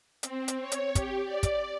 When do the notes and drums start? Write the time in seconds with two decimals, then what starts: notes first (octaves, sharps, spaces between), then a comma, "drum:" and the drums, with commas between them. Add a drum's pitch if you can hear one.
0.23 C4, drum: hi-hat
0.48 drum: hi-hat
0.61 C#5
0.72 drum: hi-hat
0.95 G4, drum: kick, hi-hat
1.25 D5
1.43 drum: kick, hi-hat